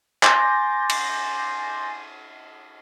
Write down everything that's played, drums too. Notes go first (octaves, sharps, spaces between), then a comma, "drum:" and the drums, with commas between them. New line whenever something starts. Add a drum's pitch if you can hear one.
G#5 C6 D6 G6 A6 A#6, drum: clap
drum: cymbal